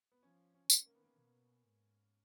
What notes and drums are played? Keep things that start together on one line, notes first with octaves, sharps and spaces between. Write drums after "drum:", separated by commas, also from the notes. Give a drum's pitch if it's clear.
B3
F3 C#4
C#4
D#3, drum: tambourine
A#3
B3
A#3
B2
G#2